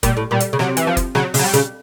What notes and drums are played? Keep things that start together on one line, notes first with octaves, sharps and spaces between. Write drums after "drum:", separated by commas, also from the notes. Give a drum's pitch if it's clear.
A#2 G3, drum: kick F#1, hi-hat
A2
A#2 G3
drum: hi-hat
C#3
C3 F#3, drum: snare
E3, drum: hi-hat
F3
drum: kick F#1, hi-hat
C#3 F#3, drum: snare
C#3, drum: open hi-hat
F#3
G3
C#3, drum: hi-hat